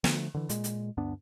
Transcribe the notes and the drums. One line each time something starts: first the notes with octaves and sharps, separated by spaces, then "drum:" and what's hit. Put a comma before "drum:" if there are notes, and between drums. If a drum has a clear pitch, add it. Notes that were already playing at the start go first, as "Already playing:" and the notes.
D3 F3 A3, drum: snare
D3 E3
A#2 G#3, drum: hi-hat
drum: hi-hat
D2 G2 B3 D4